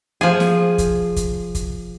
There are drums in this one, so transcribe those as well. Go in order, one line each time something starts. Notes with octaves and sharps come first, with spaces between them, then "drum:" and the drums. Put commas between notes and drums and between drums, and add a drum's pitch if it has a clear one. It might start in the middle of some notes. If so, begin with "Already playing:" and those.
F3 G#4
drum: snare
drum: kick, hi-hat
drum: kick, hi-hat
drum: kick, hi-hat